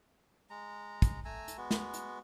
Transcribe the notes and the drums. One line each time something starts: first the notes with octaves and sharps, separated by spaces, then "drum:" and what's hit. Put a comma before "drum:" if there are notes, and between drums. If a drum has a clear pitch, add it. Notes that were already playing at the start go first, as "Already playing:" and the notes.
G#3 A#5
drum: kick, hi-hat
A3 G#5 A#5 E6
drum: hi-hat
G#3 B3 F#4
drum: snare
drum: hi-hat